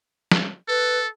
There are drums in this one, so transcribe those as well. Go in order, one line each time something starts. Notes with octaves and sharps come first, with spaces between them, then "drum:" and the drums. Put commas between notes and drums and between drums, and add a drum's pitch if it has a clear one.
drum: snare
A4 B4